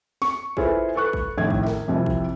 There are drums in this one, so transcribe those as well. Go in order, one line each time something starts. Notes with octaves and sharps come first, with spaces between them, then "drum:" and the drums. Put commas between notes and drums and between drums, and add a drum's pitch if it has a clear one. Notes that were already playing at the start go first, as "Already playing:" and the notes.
C#6, drum: snare
E4 F4 G#4 A4 B4 C5, drum: kick
A4 B4 C#6 F#6
drum: kick
A#1 F2 A2 D#3 E4 G#6
drum: kick
A#4, drum: snare
F2 C3 F3 E4
drum: kick